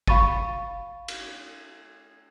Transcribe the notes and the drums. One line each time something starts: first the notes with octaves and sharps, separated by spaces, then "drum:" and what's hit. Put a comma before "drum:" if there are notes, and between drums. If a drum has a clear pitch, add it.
F5 B5 C#6 A6 D#7, drum: kick G1
drum: cymbal